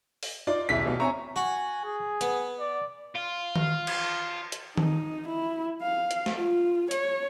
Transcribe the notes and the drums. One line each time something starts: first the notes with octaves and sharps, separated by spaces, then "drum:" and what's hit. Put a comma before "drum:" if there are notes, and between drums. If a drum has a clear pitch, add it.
drum: open hi-hat
D#4 F4 D5
D#1 B1 E4 G#4 E5 B6
A1 B2 F5
C4 C#4 E5 G#5 A#5 C#6
F#4 G#5
G#4
B3, drum: hi-hat
D5
F4
drum: tom D#3
drum: cymbal
drum: hi-hat
D#4, drum: tom D#3
E4
F5
drum: hi-hat
drum: snare
F4
C#5, drum: hi-hat